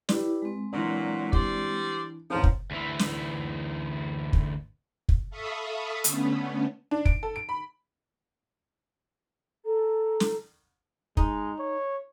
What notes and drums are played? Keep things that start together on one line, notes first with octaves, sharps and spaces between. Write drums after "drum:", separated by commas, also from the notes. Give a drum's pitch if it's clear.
E4 G4 B4 D5, drum: snare
G#3 C4
A#2 E3 F#3 D4
G3 C5 D5, drum: kick
A1 F3 C4 C#5 A#5
drum: kick
D2 E3
drum: snare
drum: kick
drum: kick
A4 E5 F5 B5 C#6 D#6
D3 A3 B3 C#4, drum: hi-hat
D4
D7, drum: kick
A4
D7
B5
A4 A#5
drum: snare
G#3 D#4, drum: kick
C#5